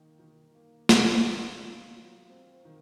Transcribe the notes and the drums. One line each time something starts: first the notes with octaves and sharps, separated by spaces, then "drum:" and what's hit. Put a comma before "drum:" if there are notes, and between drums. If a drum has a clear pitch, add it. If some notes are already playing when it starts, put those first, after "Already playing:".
Already playing: D#3 A#3
D#3
A#3
D#3, drum: snare
D#3
F4
F#3
C4
D#3